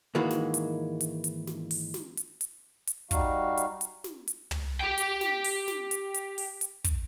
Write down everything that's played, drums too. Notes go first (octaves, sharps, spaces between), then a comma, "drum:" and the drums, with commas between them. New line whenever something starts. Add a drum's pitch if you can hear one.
G#2 D#3 E3 G#3 A#3 F#4
drum: snare
drum: hi-hat
drum: hi-hat
drum: hi-hat
drum: snare
drum: open hi-hat
drum: snare
drum: hi-hat
drum: hi-hat
drum: hi-hat
G3 D#4 F#4 F5, drum: kick, hi-hat
drum: hi-hat
drum: hi-hat
drum: snare
drum: hi-hat
drum: tom
G4 G5
drum: hi-hat
drum: snare
drum: open hi-hat
drum: snare
drum: hi-hat
drum: hi-hat
drum: open hi-hat
drum: hi-hat
drum: kick, hi-hat